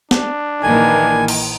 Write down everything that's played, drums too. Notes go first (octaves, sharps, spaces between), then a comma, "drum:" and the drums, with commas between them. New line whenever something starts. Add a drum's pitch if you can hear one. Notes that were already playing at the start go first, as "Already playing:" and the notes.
D4, drum: snare
A#1 D#3 E3 A#3 G#5
drum: cymbal